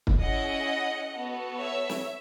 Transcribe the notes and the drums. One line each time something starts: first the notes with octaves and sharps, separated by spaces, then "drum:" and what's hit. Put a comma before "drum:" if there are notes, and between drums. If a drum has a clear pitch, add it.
drum: kick
C#4 E4 G#4 D#5 F#5
B3 F#4 A4
C#5 E5
drum: snare